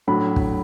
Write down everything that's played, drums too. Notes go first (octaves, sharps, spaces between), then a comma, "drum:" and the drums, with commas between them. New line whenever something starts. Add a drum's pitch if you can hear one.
A2 F#3 D4 B5
drum: kick